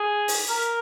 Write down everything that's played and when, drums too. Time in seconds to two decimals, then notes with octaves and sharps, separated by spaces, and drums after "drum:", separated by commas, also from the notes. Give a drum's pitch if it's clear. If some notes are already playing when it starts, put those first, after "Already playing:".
Already playing: G#4
0.28 drum: open hi-hat
0.49 A#4